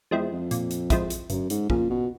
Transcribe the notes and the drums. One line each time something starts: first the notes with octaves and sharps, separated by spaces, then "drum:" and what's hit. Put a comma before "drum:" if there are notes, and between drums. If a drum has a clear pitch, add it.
E2 F3 G#3 C4 E4
F2
A#2, drum: hi-hat
drum: hi-hat
F3 G#3 C4 E4, drum: kick, hi-hat
drum: hi-hat
G1 F#2, drum: hi-hat
G#2, drum: hi-hat
F2 A#2 C#3, drum: kick
B2